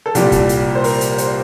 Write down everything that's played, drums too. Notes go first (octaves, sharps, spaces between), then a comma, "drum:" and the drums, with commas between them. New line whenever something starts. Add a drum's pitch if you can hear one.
A4
C2 A#2 G3 G4, drum: hi-hat
drum: kick, hi-hat
drum: hi-hat
C5
A#4, drum: open hi-hat
drum: hi-hat
C5, drum: hi-hat